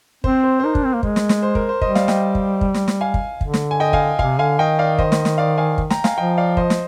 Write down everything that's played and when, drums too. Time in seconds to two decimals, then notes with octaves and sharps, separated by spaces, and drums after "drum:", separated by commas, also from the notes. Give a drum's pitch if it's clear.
0.24 C4 C5, drum: kick
0.44 C5
0.59 C5
0.64 D#4 A#4
0.75 D4, drum: kick
0.85 C4
0.94 A#3
1.03 G#3, drum: kick
1.16 drum: snare
1.29 drum: snare
1.43 C5
1.55 A#4, drum: kick
1.69 C5
1.81 G3 C5 D#5, drum: kick
1.95 D5 F5, drum: snare
2.08 D#5 G5, drum: snare
2.35 drum: kick
2.61 drum: kick
2.74 drum: snare
2.88 drum: snare
3.01 F5 G#5
3.14 drum: kick
3.41 D3, drum: kick
3.54 drum: snare
3.71 G#5
3.80 D#5 G5
3.93 F5 G#5, drum: kick
4.19 C3 F5 G#5, drum: kick
4.39 D3 F5 G#5
4.59 D#3 D#5 G5
4.79 D5 F5
4.98 C5 D#5, drum: kick
5.12 C5 D#5, drum: snare
5.25 drum: snare
5.38 D5 F5
5.57 F5 G#5
5.78 drum: kick
5.90 G5 A#5, drum: snare
6.04 F5 G#5, drum: snare
6.18 F3 D#5 G5
6.37 D5 F5
6.57 C5 D#5, drum: kick
6.70 drum: snare